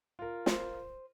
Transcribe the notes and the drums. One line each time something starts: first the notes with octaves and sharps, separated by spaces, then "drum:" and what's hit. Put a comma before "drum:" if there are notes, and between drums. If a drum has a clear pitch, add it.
F4 A#4
C5, drum: snare